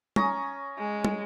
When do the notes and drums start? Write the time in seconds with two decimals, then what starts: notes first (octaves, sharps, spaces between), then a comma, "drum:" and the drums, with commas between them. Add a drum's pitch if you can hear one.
0.16 C#4 A#5 D#6, drum: tom
0.78 G#3
1.05 drum: tom